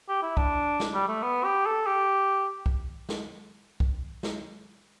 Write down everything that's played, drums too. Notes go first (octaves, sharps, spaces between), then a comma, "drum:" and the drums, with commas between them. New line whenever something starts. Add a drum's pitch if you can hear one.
G4
E4
D4, drum: kick
drum: snare
G3
A3
B3
G4
A4
G4
drum: kick
drum: snare
drum: kick
drum: snare